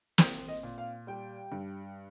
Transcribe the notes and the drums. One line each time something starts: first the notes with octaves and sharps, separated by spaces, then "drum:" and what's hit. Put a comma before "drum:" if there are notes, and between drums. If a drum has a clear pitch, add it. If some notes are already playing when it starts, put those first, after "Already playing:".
C4 C5, drum: snare
D#5
A#2
F5
G3 G5
G2